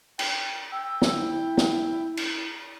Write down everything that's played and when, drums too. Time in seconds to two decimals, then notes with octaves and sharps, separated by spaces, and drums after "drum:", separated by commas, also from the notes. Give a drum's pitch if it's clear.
0.19 G5, drum: cymbal
0.72 G5 E6
1.02 drum: snare
1.16 E4
1.57 drum: snare
2.17 drum: cymbal